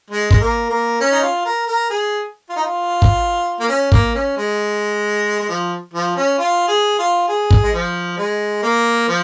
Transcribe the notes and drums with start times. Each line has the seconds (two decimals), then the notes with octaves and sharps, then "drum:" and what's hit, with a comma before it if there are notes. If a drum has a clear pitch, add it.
0.10 G#3
0.31 G#3, drum: kick
0.40 A#3
0.70 A#3
1.00 C#4
1.12 D#4
1.22 F4
1.45 A#4
1.67 A#4
1.90 G#4
2.49 F4
2.56 D#4
2.64 F4
3.02 drum: kick
3.60 A#3
3.69 C#4
3.92 A#3, drum: kick
4.15 C#4
4.37 G#3
5.40 G#3
5.49 F3
5.94 F3
6.16 C#4
6.38 F4
6.68 G#4
6.99 F4
7.28 G#4
7.51 drum: kick
7.64 G#3
7.73 F3
8.17 G#3
8.63 A#3
9.08 F3